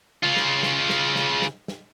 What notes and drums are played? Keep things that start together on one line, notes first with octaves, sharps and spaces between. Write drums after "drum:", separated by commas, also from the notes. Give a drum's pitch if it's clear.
C#3 F4
drum: snare
drum: snare
drum: snare
drum: snare
drum: snare
drum: snare